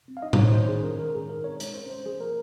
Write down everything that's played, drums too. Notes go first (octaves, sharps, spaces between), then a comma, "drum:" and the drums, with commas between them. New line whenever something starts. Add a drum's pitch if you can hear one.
C4
F5
D#4 D#5
C5, drum: tom A2
D#4 C#5
D#3 C5
C#4 G#4
C#4 A#4
D#3 A#4
G#3 G#4
D#4 A#4
C4 C#5
G#3, drum: hi-hat
C#4 C5
C#4 C5
F3 G#4
A#3 A#4